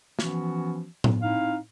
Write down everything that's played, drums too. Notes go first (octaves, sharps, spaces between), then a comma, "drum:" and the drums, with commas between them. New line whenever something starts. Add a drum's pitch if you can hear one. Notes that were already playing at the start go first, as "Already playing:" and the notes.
E3 F3 B3 C#4 F#4, drum: snare
drum: tom A2
C4 D#4 E4 F5